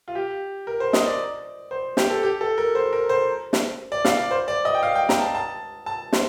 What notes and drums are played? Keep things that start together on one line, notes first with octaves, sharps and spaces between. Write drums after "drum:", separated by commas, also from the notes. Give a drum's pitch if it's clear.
F4
G4
A#4
C5
D#5, drum: snare
D5
C5
G4, drum: snare
A4
G4
A4
A#4
C5
A#4
C5
drum: snare
D5
F5, drum: snare
D5
C5
D5
D#5
G5
F5
G5
A#5, drum: snare
A5
A5
A5
C5, drum: snare